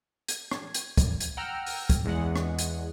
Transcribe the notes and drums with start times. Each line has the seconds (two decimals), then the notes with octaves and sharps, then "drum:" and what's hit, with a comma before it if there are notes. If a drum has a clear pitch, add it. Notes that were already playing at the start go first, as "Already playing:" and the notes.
0.28 G#6, drum: hi-hat
0.51 drum: rim click
0.74 drum: hi-hat
0.97 drum: kick, hi-hat
1.20 drum: hi-hat
1.37 F#5 G5 A#5 E6 F6
1.67 drum: open hi-hat
1.90 drum: kick, hi-hat
2.05 E2 G#3 F#5
2.36 drum: rim click
2.59 drum: hi-hat